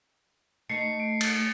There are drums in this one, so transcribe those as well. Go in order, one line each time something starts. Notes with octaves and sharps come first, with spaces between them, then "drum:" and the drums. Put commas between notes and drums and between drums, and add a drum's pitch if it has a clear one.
A3 D#4 C7 C#7
D7
A6, drum: cymbal